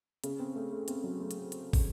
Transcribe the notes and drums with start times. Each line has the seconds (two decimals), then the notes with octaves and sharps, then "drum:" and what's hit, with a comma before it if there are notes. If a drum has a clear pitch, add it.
0.24 C#3, drum: hi-hat
0.39 C4
0.55 A3
0.72 A3
0.88 C4, drum: hi-hat
1.04 F#3
1.20 A3
1.31 drum: hi-hat
1.52 drum: hi-hat
1.73 drum: kick, open hi-hat